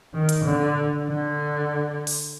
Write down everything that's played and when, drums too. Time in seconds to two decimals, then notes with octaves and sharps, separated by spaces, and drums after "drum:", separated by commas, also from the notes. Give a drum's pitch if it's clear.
0.14 D#3
0.29 drum: hi-hat
0.45 D3
1.06 D3
2.07 drum: open hi-hat